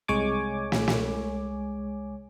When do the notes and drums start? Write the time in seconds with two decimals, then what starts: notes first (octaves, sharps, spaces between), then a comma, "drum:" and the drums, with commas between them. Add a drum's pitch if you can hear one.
0.08 C2 G#3 C#5 G#5 D6
0.72 drum: snare
0.88 drum: snare